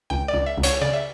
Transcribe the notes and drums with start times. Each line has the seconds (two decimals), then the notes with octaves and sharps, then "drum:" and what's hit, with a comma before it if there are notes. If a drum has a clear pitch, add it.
0.10 C#2 G5
0.28 D5
0.34 C#2
0.46 E5
0.58 C#2
0.63 C#5, drum: hi-hat
0.81 C#3 D5
0.94 E5